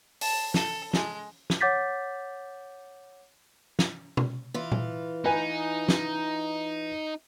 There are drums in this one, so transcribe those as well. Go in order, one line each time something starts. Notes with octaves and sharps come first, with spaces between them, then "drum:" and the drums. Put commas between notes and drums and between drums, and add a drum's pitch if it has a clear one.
A5, drum: open hi-hat
A4, drum: snare
G#3, drum: snare
drum: snare
C#5 F#5 D6 G6 A6 B6
drum: snare
drum: tom B2
E3 F4
drum: tom A#2
D#4 B4 G#5
drum: snare